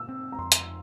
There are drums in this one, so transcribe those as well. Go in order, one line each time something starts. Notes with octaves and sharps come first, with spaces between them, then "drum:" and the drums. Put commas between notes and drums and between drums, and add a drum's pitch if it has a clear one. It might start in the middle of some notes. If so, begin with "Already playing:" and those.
Already playing: A#2 E6
C4
A#5
F2 C6
drum: hi-hat